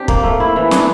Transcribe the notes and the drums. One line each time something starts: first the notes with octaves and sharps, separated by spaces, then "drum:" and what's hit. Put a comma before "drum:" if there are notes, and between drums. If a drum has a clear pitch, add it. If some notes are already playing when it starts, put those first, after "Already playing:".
Already playing: C4 D4 G4
A#3, drum: kick
A3
E4
E3
D4, drum: snare